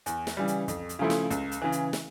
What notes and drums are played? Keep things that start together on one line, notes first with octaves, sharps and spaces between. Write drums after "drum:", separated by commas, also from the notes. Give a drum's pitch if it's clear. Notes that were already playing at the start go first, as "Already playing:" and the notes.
E2, drum: hi-hat
drum: snare
C#3 E3 G3
drum: hi-hat
F2, drum: kick, hi-hat
drum: hi-hat
C#3 F3 A3 E4
drum: snare
C#2, drum: kick, hi-hat
drum: hi-hat
C#3 E3
drum: hi-hat
drum: snare